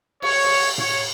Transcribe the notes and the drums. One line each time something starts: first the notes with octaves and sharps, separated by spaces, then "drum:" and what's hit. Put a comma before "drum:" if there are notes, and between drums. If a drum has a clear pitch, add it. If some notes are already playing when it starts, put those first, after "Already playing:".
C#5, drum: cymbal
drum: cymbal
C#5, drum: tom A2